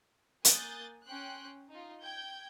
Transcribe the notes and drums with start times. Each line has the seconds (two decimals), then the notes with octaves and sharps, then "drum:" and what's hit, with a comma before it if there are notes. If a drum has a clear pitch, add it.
0.45 A#3 G#5 D#6 F#6 G6 A6, drum: hi-hat
1.06 C#4 G5 C6 F#6
1.70 D#4 F4
2.03 G5 G6 G#6